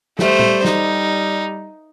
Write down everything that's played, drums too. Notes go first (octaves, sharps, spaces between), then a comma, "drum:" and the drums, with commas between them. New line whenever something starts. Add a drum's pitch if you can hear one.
G3 A3 C5, drum: snare
drum: tom A#2
D#4, drum: snare